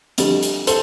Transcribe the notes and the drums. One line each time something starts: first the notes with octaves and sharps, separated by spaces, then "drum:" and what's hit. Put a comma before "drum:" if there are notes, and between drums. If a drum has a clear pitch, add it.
F2 D3 G3, drum: hi-hat
drum: hi-hat
A4 C5, drum: hi-hat